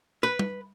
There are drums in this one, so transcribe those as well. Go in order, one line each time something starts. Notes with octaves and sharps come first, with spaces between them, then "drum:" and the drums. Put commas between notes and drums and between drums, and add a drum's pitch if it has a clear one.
B4
drum: tom